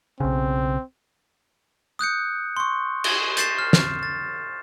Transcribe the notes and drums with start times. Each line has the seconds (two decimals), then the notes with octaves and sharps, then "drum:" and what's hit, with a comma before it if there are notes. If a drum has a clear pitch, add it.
0.20 B1 C#3 C4
1.99 D#6 F#6 G6 C#7
2.57 C6 C#6
3.04 drum: cymbal
3.37 G6 A6 C7 E7, drum: hi-hat
3.59 F6
3.73 drum: snare
4.03 A6